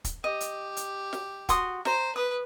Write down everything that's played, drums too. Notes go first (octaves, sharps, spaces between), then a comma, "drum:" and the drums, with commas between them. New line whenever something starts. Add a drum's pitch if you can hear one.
drum: kick, hi-hat
G4 D#5
drum: hi-hat
drum: hi-hat
drum: snare
F#4 C6 D#6, drum: kick, hi-hat
C5 A#5, drum: snare
B4 D#6